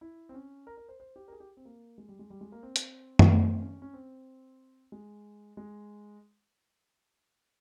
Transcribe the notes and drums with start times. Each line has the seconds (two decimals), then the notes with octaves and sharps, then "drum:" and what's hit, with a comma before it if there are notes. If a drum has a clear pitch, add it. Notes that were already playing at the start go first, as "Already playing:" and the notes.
0.01 E4
0.29 C4
0.34 C#4
0.67 A#4
0.77 A#4
0.89 C5
1.00 C5
1.16 G4
1.28 A#4
1.32 G#4
1.40 G4
1.57 C4
1.65 A#3
1.98 G#3
2.09 G3
2.19 G#3
2.30 G3
2.41 G#3
2.52 A#3
2.63 C4
2.76 drum: hi-hat
3.19 drum: tom F#2
3.29 C4
3.61 C#4
3.82 C#4
3.94 C4
4.92 G#3
5.57 G#3